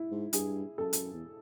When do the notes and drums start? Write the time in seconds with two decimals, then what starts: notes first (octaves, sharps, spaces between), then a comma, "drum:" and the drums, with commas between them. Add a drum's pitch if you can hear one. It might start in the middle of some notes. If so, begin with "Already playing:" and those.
Already playing: E4
0.11 G#2
0.33 G2 G#4, drum: hi-hat
0.78 F#2 A4
0.93 drum: hi-hat
1.14 E2